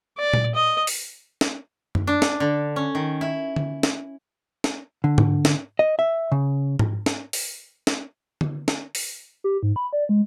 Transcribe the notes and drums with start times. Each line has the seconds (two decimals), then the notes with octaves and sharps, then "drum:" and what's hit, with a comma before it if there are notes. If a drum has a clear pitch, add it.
0.18 D5
0.33 drum: tom A#2
0.55 D#5
0.87 drum: open hi-hat
1.41 drum: snare
1.95 drum: tom F#2
2.07 D4
2.22 drum: snare
2.40 D3
2.76 C#4
2.95 D#3
3.21 E4
3.56 drum: tom D3
3.83 drum: snare
4.64 drum: snare
5.04 D3
5.18 drum: tom G#2
5.45 drum: snare
5.79 D#5
5.99 E5
6.32 C#3
6.79 drum: tom G#2
7.06 drum: snare
7.33 drum: open hi-hat
7.87 drum: snare
8.41 drum: tom D3
8.68 drum: snare
8.95 drum: open hi-hat
9.44 G4
9.63 G#2
9.76 B5
9.93 D5
10.09 G#3